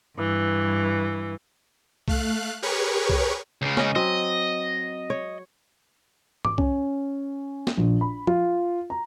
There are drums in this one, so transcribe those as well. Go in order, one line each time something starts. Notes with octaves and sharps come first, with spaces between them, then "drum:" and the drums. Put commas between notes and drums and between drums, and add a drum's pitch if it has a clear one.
G2 E3
A3 F5 F#6, drum: kick
G4 G#4 A#4 B4 C#5 C#6
drum: kick
C#2 C#3
C#4 D#5, drum: snare
F#3 C4 D#5
C#5
D6, drum: tom G#2
C#4, drum: kick
drum: snare
A#1
B5
F4, drum: tom F3
A#5